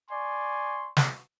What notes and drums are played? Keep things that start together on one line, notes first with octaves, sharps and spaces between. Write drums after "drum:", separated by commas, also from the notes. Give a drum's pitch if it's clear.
D5 G#5 C6 C#6
drum: snare